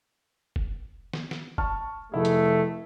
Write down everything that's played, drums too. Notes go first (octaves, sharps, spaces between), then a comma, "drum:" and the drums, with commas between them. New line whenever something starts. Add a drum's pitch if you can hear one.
drum: kick F1
drum: snare
drum: snare
A5 C#6 F6, drum: kick F1
F1 A3 E4 G#4
drum: hi-hat